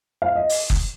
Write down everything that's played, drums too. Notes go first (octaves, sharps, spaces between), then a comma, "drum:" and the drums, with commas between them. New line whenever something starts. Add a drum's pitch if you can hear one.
F5
D#5
drum: open hi-hat
drum: kick